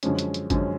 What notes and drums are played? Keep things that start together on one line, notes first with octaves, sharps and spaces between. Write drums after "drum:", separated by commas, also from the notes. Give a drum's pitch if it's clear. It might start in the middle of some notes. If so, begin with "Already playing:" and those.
F#2 D3 F3 G#3 C#4, drum: hi-hat
drum: hi-hat
drum: hi-hat
F#2 D3 F3 G#3 C#4, drum: kick G#1, hi-hat